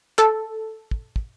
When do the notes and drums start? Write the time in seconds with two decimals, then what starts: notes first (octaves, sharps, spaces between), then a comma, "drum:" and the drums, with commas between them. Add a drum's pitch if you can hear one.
0.18 A4, drum: clap
0.91 drum: kick
1.16 drum: kick